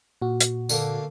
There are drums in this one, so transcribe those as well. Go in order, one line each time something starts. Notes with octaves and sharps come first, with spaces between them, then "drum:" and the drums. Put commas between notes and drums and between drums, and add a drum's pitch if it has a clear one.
A#2 F#4
drum: hi-hat
D3 A3 A#3, drum: tambourine